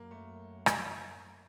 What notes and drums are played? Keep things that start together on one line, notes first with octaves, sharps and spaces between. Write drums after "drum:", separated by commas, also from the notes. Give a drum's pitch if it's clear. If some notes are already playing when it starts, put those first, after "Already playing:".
Already playing: F#2 A#3
A3
drum: rim click